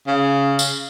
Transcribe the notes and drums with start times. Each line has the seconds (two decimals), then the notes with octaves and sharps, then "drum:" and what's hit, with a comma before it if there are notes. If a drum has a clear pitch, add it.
0.07 C#3
0.59 drum: tambourine